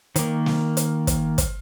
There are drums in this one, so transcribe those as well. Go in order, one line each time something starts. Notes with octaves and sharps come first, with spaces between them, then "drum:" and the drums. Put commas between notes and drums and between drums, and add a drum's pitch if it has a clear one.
D#3 A#3, drum: hi-hat
drum: snare
drum: hi-hat
drum: kick, hi-hat
drum: kick, hi-hat